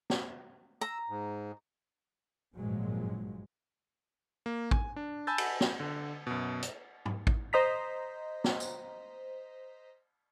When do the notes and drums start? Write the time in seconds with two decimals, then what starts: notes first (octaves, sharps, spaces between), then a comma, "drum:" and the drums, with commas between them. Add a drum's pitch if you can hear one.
0.10 drum: snare
0.81 A#5 E6
1.09 G#2
2.56 G#1 G2 A#2 F3 F#3 G#3
4.46 A#3
4.71 G#5, drum: kick A1
4.96 D4
5.27 G#5 A5 B5 E6 G6 A6
5.38 drum: cymbal
5.61 drum: snare
5.80 D3
6.27 F#2 B2
6.63 drum: hi-hat
7.06 drum: tom
7.27 drum: kick A1
7.53 C5 D#5 A#5 B6
8.44 drum: snare
8.60 drum: tambourine